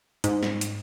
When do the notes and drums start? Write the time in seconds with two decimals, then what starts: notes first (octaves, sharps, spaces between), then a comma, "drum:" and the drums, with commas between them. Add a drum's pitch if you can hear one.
0.24 G#2, drum: hi-hat
0.43 drum: snare
0.61 drum: hi-hat